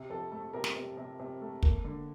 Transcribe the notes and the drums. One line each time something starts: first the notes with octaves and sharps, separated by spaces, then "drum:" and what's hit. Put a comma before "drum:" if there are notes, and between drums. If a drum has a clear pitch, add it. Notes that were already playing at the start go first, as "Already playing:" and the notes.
Already playing: C3
F2 A4
A3 A4
C3 A#4
drum: snare
C3
C3
C3
A3
A#3, drum: kick
D3